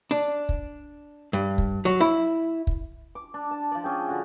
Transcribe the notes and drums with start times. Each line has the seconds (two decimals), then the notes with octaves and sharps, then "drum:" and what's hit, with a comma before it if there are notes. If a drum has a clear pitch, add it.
0.11 D4
0.49 drum: kick
1.33 G2
1.58 drum: kick
1.85 F#3
2.00 E4
2.67 drum: kick
3.15 D6
3.34 D4
3.51 A5
3.72 F3 D5
3.84 C#4 G#4 G5
4.09 D3 F#4